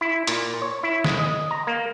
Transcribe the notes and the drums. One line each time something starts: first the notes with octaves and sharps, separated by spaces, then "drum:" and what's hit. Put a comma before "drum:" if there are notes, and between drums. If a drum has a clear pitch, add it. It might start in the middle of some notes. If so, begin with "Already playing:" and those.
E4
A#2, drum: hi-hat
C#5
E4
G#3, drum: snare
D#5
A#5
A#3